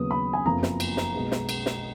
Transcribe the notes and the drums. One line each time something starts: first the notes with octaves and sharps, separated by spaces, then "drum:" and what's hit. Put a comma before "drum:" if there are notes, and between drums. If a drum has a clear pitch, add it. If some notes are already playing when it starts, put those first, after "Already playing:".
Already playing: D#2 C#3 F#3 B3 D#6
B5
G#5
F#1 F2 F3 B3 A#5
drum: snare
drum: cymbal
drum: snare
B1 B2 G#3 B3
drum: snare
drum: cymbal
drum: snare